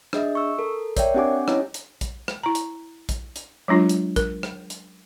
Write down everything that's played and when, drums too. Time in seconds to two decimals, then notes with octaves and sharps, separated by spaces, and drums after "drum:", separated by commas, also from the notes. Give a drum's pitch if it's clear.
0.13 D4 G#4 D#5 E5, drum: rim click
0.35 C#6 E6
0.59 A4 A#4
0.97 A#4 C#5 D5 E5 G5, drum: kick A#1, hi-hat
1.14 C4 D4 G4 F#5 G#5 D6
1.48 C#4 E4 C#5 D#5, drum: rim click
1.74 drum: hi-hat
2.01 drum: kick A#1, hi-hat
2.28 drum: rim click
2.43 E4 A#5
2.55 drum: hi-hat
3.09 drum: kick A#1, hi-hat
3.36 drum: hi-hat
3.68 F#3 G#3 D4 F4
3.89 drum: hi-hat
4.16 A#4, drum: kick A#1, hi-hat
4.43 drum: rim click
4.70 drum: hi-hat